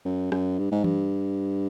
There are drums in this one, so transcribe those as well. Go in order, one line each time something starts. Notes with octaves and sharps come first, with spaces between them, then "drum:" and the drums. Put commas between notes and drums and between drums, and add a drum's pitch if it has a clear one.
F#2
F#2, drum: rim click
G2
G#2
G2, drum: tom E3